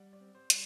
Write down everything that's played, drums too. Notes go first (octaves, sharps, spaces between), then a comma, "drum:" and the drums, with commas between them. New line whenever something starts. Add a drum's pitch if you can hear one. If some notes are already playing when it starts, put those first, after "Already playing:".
Already playing: G3 D5 F#5
D5
C4
C5
G3, drum: hi-hat